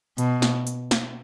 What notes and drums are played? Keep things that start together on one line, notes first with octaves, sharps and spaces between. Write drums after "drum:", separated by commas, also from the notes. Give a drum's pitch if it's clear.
B2, drum: hi-hat
drum: snare
drum: hi-hat
drum: snare